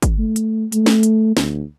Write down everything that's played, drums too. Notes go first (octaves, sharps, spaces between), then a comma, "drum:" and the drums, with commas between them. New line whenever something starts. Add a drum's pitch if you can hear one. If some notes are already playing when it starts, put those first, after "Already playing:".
drum: kick, hi-hat
A3
drum: hi-hat
A3, drum: hi-hat
drum: snare
drum: hi-hat
D2, drum: snare